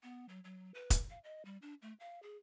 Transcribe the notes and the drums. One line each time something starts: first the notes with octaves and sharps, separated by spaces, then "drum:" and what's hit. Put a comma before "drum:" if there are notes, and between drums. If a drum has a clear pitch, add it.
B3
F#3
F#3
B4
drum: kick, hi-hat
F5
D#5
G3
D4
A3
F5
G#4